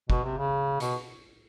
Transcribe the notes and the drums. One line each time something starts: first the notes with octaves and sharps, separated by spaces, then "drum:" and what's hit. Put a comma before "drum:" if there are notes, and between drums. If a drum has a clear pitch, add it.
B2, drum: kick
C3
C#3
B2, drum: hi-hat